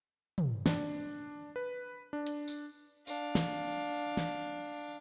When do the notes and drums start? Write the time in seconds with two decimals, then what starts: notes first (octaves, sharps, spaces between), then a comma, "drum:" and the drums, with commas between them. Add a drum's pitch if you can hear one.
0.38 drum: tom
0.66 D4, drum: snare
1.56 B4
2.13 D4
2.27 drum: hi-hat
2.48 drum: tambourine
3.07 D4 F5, drum: tambourine
3.35 drum: snare
4.17 drum: snare